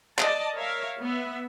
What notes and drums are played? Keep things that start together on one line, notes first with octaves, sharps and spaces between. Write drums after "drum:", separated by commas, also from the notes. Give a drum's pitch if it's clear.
D5 D#5 A5, drum: clap
A#4 C#5 E5 F5
B3 E5